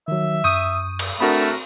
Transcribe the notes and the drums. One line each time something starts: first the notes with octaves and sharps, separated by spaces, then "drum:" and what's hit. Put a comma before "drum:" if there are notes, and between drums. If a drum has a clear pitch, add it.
D#3 F#3 E5
F#2 C#6 D#6 G6
drum: cymbal
A3 C4 D4 F#4 A#4 B5